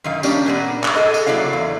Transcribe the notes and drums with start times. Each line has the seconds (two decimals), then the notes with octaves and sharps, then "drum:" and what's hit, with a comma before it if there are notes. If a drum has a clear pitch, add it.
0.04 F#2 D#3 F5
0.23 G3 A#3 C#4 D4 G4 D5, drum: tambourine
0.46 A#2 A#3 B3
0.84 drum: clap
0.96 G#4 A4 D#5
1.14 drum: tambourine
1.26 F#3 A#3 E4 D5 F5
1.53 E2